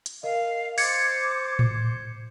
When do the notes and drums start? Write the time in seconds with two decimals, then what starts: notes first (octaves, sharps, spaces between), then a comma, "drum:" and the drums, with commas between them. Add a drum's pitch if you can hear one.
0.06 drum: hi-hat
0.23 A#4 D#5 F5
0.78 C5 D6 G#6 A6 C#7, drum: open hi-hat
1.59 drum: tom A2